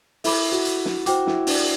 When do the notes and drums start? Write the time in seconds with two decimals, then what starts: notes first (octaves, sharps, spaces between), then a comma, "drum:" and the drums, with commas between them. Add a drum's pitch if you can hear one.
0.24 E4 A4 E5 B5 D6, drum: open hi-hat
0.52 F#4
0.65 drum: hi-hat
0.85 drum: snare
1.06 F#4 C5 G5 D6, drum: hi-hat
1.27 E4, drum: snare
1.47 D4, drum: open hi-hat